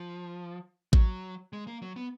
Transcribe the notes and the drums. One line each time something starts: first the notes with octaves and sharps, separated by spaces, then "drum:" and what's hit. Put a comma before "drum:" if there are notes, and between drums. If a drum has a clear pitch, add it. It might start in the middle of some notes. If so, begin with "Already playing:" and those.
Already playing: F3
F#3, drum: kick A1
G#3
A#3
F#3
B3